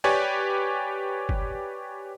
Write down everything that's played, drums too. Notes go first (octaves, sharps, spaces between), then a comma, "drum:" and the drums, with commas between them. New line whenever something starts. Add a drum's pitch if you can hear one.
G4 B4 C#5 D5 G#5
drum: kick G1